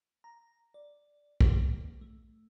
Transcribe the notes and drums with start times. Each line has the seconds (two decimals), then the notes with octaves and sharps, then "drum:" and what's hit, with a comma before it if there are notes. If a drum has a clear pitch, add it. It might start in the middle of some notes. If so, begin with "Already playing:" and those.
0.24 A#5
0.74 D5
1.41 drum: kick
1.56 A#3
2.01 A3